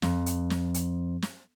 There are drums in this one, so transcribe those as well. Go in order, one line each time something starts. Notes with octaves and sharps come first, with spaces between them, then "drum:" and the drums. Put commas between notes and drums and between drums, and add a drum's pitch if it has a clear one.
F2, drum: snare
drum: hi-hat
drum: snare
drum: hi-hat
drum: snare